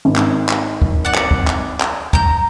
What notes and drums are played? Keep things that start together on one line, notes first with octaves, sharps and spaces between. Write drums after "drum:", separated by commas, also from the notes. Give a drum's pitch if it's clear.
G#1
drum: clap
drum: clap
drum: kick
D5 F#5
drum: clap
drum: kick
drum: clap
drum: clap
A#5 G6, drum: kick